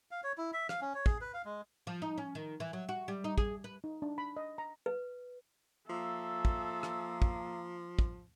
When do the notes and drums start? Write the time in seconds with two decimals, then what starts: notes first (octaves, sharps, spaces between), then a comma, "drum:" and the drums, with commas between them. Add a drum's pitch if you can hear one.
0.11 F5
0.24 C#5
0.38 E4
0.53 E5
0.69 F5, drum: rim click
0.81 C#4
0.95 C#5
1.06 G#4, drum: kick
1.21 B4
1.34 F5
1.45 G#3
1.87 F3
2.02 D#4
2.18 C#4
2.35 D#3
2.60 E3
2.73 F#3
2.89 F#4
3.08 G3
3.24 D#4
3.38 G#4, drum: kick
3.64 B4
3.84 D#4
4.02 D4
4.18 B5
4.37 D#5
4.58 A#5
4.86 B4
5.90 F3 A#3 A4 E5
6.45 drum: kick
6.83 drum: rim click
7.22 drum: kick
7.99 drum: kick